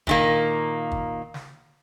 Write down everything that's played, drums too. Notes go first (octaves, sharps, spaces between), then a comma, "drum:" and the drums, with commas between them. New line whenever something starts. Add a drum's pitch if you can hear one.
A#2 D#3 A#3, drum: kick
drum: kick
drum: snare